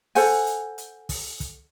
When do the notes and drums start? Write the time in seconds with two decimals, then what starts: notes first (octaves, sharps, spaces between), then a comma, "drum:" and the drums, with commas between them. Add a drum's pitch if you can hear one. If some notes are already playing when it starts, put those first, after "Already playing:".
0.15 A4 C5 F#5 G#5, drum: open hi-hat
0.47 drum: hi-hat
0.78 drum: hi-hat
1.09 drum: kick, open hi-hat
1.40 drum: kick, hi-hat